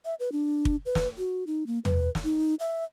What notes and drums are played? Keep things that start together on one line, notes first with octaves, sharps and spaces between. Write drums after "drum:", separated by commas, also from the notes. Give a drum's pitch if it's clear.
E5
B4
D4
drum: kick
B4
drum: snare
F#4
D#4
A#3
B4, drum: tom
drum: snare
D#4
E5